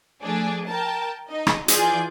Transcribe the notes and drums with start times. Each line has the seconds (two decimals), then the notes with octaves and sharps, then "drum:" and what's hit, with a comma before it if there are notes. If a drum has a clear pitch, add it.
0.22 F3 A3 D4 G#4 D5
0.68 A#4 G5 A5 A#5
1.29 D#4 D#5
1.47 drum: rim click
1.68 E3 F4 G#4 D5 G6, drum: hi-hat